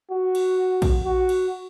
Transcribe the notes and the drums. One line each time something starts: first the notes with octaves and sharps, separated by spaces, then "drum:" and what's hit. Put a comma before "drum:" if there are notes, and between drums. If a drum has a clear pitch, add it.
F#4
drum: cymbal
drum: kick A#1, cymbal
F#4
drum: cymbal